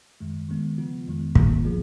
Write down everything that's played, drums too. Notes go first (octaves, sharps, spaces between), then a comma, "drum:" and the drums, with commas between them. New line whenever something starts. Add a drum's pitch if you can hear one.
F#2 D#3 G#3
D#3 G#3 B3
C#3 F3 B3 F4
F2 D#3 G#3
G#2 D#3 A#3 F4, drum: kick
F3 B3 F4 G#4